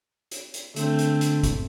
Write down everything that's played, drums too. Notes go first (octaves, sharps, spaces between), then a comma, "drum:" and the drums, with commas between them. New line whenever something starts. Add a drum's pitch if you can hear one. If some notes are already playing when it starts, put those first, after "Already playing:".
drum: hi-hat
drum: hi-hat
D3 A3 C4, drum: hi-hat
drum: hi-hat
drum: hi-hat
drum: kick, hi-hat